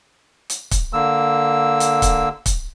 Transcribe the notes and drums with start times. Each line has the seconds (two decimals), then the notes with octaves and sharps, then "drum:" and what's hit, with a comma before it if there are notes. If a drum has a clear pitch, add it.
0.50 drum: hi-hat
0.71 drum: kick, hi-hat
0.93 D3 A#3 E6
1.80 drum: hi-hat
2.02 drum: kick, hi-hat
2.46 drum: kick, hi-hat